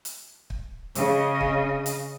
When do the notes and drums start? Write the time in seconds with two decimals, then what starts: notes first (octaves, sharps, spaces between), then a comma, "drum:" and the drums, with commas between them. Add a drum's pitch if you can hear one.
0.05 drum: hi-hat
0.50 drum: kick
0.95 C#3 D#5, drum: hi-hat
1.41 drum: kick
1.86 drum: hi-hat